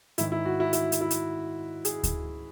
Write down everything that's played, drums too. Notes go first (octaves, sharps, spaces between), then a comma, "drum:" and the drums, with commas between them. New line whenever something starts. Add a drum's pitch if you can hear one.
G#2 D#3 E4, drum: hi-hat
E4
F#4
E4
E4, drum: hi-hat
drum: hi-hat
E4
drum: hi-hat
G#4, drum: hi-hat
drum: kick D2, hi-hat